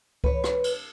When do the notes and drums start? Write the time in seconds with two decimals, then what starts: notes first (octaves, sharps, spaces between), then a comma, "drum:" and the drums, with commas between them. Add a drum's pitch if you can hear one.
0.24 B4 C#5, drum: kick C#2
0.44 drum: rim click
0.64 drum: cymbal